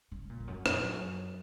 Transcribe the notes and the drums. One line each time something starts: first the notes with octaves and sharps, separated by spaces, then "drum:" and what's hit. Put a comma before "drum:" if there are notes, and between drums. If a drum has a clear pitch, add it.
C#3
A#2
F2
F#2
F2, drum: rim click
F#2